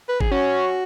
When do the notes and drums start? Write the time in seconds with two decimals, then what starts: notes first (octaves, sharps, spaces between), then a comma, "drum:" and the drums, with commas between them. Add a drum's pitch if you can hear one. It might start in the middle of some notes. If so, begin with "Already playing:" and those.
0.09 B4
0.21 G#4, drum: kick G1
0.32 C#4 F#4